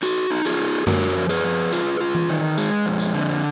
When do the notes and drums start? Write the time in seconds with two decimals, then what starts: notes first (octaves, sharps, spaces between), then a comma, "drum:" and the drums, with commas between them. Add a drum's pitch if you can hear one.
0.03 D#4 F#4, drum: tambourine
0.30 D#4
0.45 F4 G#4, drum: tambourine
0.59 D#4
0.87 D3 F#4 A#4, drum: tom F#2
1.16 F3
1.29 G#4 B4, drum: tambourine
1.44 F3
1.72 F4, drum: tambourine
2.00 F4
2.15 drum: tom E3
2.29 D#3
2.58 G#3, drum: tambourine
2.86 F2
2.99 drum: tambourine
3.14 D3